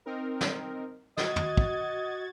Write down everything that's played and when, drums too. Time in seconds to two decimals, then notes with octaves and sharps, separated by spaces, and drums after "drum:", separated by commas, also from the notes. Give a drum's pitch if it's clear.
0.06 C4 D#4 A#4
0.41 drum: snare
1.17 F#4 D#5 G#6 A6, drum: snare
1.36 drum: tom
1.57 drum: kick